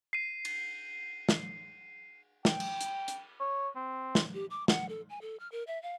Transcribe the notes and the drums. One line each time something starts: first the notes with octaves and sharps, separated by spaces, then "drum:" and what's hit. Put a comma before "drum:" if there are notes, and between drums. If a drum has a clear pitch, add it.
C7 D#7
drum: cymbal
drum: snare
G5, drum: snare
drum: cymbal
drum: hi-hat
drum: hi-hat
C#5
C4
drum: snare
G4
D6
F#5, drum: snare
A4
G#5
A4
F6
A#4
E5
F5